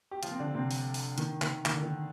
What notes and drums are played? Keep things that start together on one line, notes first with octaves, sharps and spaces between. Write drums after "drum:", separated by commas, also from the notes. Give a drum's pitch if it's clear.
G4
F3 F4, drum: hi-hat
C4
D3 D4
C3 C4
drum: open hi-hat
drum: open hi-hat
D#3, drum: hi-hat
D#3, drum: clap
D#3, drum: clap
D3
D#3